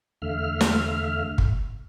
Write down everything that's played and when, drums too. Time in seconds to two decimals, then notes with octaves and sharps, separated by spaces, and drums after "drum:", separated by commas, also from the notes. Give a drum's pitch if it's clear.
0.22 E2 D3 A3 E5 F5 F6
0.61 drum: snare
1.38 drum: kick